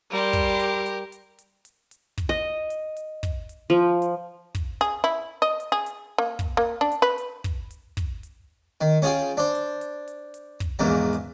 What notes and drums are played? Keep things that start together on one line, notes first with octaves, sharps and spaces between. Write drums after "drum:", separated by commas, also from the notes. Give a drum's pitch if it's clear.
G3 G4 A#4 C6
drum: kick, hi-hat
drum: hi-hat
drum: hi-hat
drum: hi-hat
drum: hi-hat
drum: hi-hat
drum: hi-hat
drum: kick, hi-hat
D#5
drum: hi-hat
drum: hi-hat
drum: kick, hi-hat
drum: hi-hat
F3
drum: hi-hat
drum: kick, hi-hat
G#4, drum: hi-hat
E4
D#5
drum: hi-hat
G#4
drum: hi-hat
A#3
drum: kick, hi-hat
A#3
D4
drum: hi-hat
B4
drum: hi-hat
drum: kick, hi-hat
drum: hi-hat
drum: kick, hi-hat
drum: hi-hat
D#3
C#4 F4 G#4 G5, drum: hi-hat
D4 C5
drum: hi-hat
drum: hi-hat
drum: hi-hat
drum: hi-hat
drum: kick, hi-hat
A#1 E2 G#2 A#3
drum: hi-hat